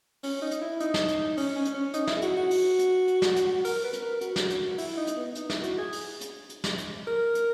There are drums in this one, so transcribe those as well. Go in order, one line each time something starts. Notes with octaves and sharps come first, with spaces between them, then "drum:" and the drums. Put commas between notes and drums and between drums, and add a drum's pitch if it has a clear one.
C#4, drum: open hi-hat
D#4
drum: hi-hat
E4
D#4, drum: hi-hat
drum: snare
drum: hi-hat
C#4, drum: open hi-hat
C#4
drum: hi-hat
C#4
D#4, drum: hi-hat
E4, drum: snare
G#4
F#4, drum: hi-hat
F#4
drum: open hi-hat
drum: hi-hat
drum: hi-hat
drum: snare
drum: hi-hat
A#4, drum: open hi-hat
B4
drum: hi-hat
A#4
F#4, drum: hi-hat
drum: snare
drum: hi-hat
E4, drum: open hi-hat
D#4
drum: hi-hat
B3
D#4, drum: hi-hat
E4, drum: snare
F#4, drum: hi-hat
G#4
drum: open hi-hat
drum: hi-hat
drum: hi-hat
drum: snare
drum: hi-hat
A#4
drum: hi-hat